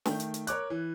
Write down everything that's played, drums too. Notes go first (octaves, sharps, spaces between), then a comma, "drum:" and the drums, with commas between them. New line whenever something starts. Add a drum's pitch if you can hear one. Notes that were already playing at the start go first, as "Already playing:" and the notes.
D#3 A3 G5, drum: snare
drum: hi-hat
drum: hi-hat
A#4 C#5 D6 F#6, drum: hi-hat
E3